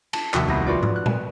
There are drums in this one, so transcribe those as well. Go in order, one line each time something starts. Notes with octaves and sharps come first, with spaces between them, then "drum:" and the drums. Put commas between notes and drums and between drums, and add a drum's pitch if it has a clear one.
A5, drum: cymbal
F1 D#2 F#4 E5 E6, drum: clap
C2 B3 A#6
F4 F#4 B4 D5
drum: tom G#2
F#6
drum: tom A#2